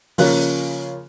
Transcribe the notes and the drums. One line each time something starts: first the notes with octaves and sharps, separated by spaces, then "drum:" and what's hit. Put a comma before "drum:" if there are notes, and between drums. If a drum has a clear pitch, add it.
C#3 F3 A#3 C#4 F4 F#6, drum: open hi-hat